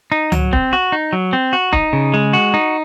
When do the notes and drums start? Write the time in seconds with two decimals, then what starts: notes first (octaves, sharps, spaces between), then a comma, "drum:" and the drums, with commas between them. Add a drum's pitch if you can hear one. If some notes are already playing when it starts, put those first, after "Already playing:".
0.12 D#4
0.32 F#3, drum: tom C#2
0.53 C4, drum: kick
0.73 F#4
0.92 D#4
1.13 F#3
1.33 C4
1.53 F#4
1.73 D#4, drum: kick
1.93 C#3
2.14 G#3
2.33 F#4
2.54 D#4